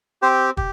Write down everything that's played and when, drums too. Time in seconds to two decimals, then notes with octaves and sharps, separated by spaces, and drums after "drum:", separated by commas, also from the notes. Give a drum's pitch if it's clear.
0.22 C4 G4 C5
0.57 G4, drum: kick